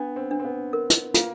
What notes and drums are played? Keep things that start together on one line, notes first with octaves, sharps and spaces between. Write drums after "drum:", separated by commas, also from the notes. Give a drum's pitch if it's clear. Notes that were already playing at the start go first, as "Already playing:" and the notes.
Already playing: B3 D4
C4
D4
C4
B3
A#4
drum: hi-hat
A#3 F4, drum: hi-hat